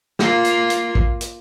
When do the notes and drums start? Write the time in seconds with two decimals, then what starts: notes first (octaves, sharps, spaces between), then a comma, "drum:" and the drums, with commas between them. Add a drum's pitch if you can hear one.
0.19 A#3 F4, drum: snare
0.45 drum: hi-hat
0.70 drum: hi-hat
0.95 drum: kick
1.21 drum: hi-hat